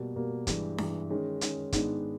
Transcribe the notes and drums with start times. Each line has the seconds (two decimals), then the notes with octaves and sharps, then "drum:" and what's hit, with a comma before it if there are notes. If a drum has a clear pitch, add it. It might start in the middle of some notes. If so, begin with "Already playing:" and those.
Already playing: B2 G3 A#3
0.15 B2 G3 A#3
0.47 G2 E3 G#3, drum: kick, hi-hat
0.78 G2 E3 G#3, drum: snare D4
1.10 D#3 G#3 C#4
1.41 D#3 G#3 C#4, drum: hi-hat
1.72 G#2 D#3 G#3 B3 D4, drum: kick, hi-hat